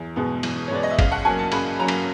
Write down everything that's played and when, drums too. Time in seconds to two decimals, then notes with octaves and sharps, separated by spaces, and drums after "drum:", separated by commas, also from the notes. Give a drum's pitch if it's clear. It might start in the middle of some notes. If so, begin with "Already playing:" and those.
Already playing: E2
0.16 B2 G#3 B3
0.43 E2, drum: cymbal
0.68 C#5
0.71 B2 G#3 B3 D5
0.83 D#5
0.90 E5
0.99 C#3 F5, drum: kick, cymbal
1.12 F#5
1.25 F#3 A#3 C#4 G#5
1.38 A5
1.52 C#3 B5, drum: cymbal
1.79 F#3 A#3 C#4 A#5
1.88 drum: cymbal